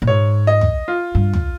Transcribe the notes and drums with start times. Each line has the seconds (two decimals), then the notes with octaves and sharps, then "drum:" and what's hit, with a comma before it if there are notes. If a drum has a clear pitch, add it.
0.02 A#2
0.07 G#2 C#5
0.47 D#5
0.61 drum: tom
0.88 F4
1.15 G2
1.34 drum: tom